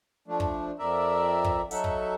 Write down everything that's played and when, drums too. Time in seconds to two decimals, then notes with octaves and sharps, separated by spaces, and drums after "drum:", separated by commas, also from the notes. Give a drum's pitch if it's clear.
0.28 F3 A3 D4
0.40 drum: kick
0.79 F2 A#4 D5 E5
1.44 drum: kick
1.71 F#3 D#4 A4 E5 F#5, drum: hi-hat
1.84 drum: kick